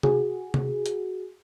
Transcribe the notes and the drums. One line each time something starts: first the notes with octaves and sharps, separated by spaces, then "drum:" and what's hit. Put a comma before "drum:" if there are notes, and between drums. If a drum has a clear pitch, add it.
F#4 G#4, drum: tom C3
drum: tom C3
drum: hi-hat